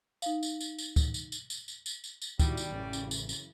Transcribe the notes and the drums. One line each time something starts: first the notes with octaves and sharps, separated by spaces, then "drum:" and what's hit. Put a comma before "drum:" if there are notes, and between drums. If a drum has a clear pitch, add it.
D#4 F5, drum: tambourine
drum: tambourine
drum: tambourine
drum: tambourine
drum: kick, tambourine
drum: tambourine
drum: tambourine
drum: tambourine
drum: tambourine
drum: tambourine
drum: tambourine
drum: tambourine
D#3 G3 B3 E4 F#4 D5, drum: kick, tambourine
drum: tambourine
A1 F#2 C#3 E3
drum: tambourine
drum: tambourine
drum: tambourine